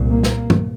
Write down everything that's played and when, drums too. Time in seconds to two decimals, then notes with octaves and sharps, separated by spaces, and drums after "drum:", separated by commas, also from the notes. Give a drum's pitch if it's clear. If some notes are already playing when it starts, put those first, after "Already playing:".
Already playing: C2 A#2
0.10 A#3
0.23 drum: snare
0.50 drum: tom